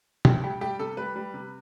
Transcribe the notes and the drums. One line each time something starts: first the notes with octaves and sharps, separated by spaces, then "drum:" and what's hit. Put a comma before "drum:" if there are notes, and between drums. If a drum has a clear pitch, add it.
D2 G4, drum: tom
G3 G4
G3 G4
C3 A4
G3 B4
G3
C3